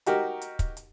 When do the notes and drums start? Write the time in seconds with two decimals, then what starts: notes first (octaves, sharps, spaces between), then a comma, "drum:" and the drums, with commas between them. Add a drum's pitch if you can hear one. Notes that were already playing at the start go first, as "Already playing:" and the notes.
0.06 D#4 F#4 G4 A#4, drum: hi-hat
0.42 drum: hi-hat
0.59 drum: kick, hi-hat
0.77 drum: hi-hat